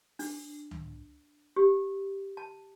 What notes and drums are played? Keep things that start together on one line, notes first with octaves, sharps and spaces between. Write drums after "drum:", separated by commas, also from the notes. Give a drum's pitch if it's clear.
D4, drum: open hi-hat
drum: tom C#2
G4
A5